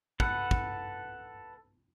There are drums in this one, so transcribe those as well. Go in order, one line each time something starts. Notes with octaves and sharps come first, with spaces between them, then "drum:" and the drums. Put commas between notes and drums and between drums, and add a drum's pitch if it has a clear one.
A4 B4 F#5, drum: kick
drum: kick